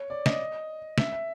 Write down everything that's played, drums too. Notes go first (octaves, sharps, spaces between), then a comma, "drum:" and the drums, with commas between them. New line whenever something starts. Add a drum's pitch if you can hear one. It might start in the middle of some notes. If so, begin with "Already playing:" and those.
Already playing: C#5
D5
D#5, drum: snare
E5, drum: snare
E5